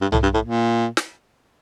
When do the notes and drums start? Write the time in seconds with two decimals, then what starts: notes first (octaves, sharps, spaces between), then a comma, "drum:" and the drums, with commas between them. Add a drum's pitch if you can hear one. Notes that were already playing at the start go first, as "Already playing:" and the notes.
0.01 G2
0.12 A2, drum: tom
0.23 G2
0.34 A2
0.45 A#2
0.97 drum: snare